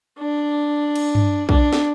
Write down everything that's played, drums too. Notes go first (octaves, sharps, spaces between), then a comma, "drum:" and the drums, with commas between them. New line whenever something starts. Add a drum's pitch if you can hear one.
D4
drum: cymbal
drum: tom G2
D4, drum: kick
drum: snare